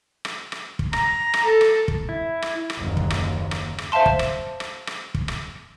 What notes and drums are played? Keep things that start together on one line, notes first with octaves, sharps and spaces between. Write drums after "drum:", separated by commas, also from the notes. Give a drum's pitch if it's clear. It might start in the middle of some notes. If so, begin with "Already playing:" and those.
drum: rim click
drum: rim click
drum: kick
A#5, drum: rim click
drum: rim click
A4
drum: rim click
drum: kick
E4
drum: rim click
drum: rim click
F#1 D#2
drum: kick
drum: rim click
drum: rim click
drum: rim click
C5 E5 F5 A5 C6
drum: kick
drum: rim click
drum: rim click
drum: rim click
drum: kick
drum: rim click